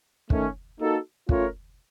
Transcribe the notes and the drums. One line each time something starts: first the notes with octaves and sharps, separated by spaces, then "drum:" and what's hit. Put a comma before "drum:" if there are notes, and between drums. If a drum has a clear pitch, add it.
D#3 A3 C#4, drum: kick
A#3 D#4 F#4 A4
A3 C#4 F4 A#4 C#5, drum: kick